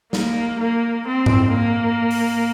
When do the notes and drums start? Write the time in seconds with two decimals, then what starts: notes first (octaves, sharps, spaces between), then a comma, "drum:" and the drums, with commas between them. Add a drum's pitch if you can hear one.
0.13 A#3, drum: snare
0.60 A#3
1.08 C4
1.26 drum: tom G#2
1.54 A#3
2.11 drum: open hi-hat